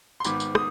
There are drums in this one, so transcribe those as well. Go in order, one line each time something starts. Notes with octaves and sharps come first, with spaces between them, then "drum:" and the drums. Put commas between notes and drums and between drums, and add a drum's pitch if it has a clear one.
C6
G#1 G#2 D#3 B3 B5 D6, drum: tambourine
drum: tambourine
D#6, drum: rim click